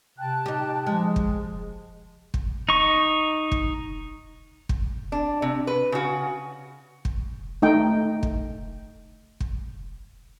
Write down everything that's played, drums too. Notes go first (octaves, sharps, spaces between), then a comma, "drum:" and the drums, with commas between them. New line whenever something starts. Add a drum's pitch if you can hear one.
C3 G5 A5 F#6
D#4 G4
F3 G#3
drum: kick
drum: kick
D#4 C#6
drum: kick
drum: kick
D4
C3
B4
C#3 F#4
drum: kick
A3 D#4 G5
drum: kick
drum: kick